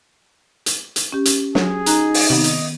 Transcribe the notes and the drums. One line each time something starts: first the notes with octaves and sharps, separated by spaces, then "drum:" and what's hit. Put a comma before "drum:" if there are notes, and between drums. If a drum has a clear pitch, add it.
drum: hi-hat
drum: hi-hat
C#4 G4
drum: hi-hat
F#3 G#4, drum: snare
D#4 A#5 F#6, drum: hi-hat
drum: open hi-hat
C3 D#3 B3 D#5
drum: hi-hat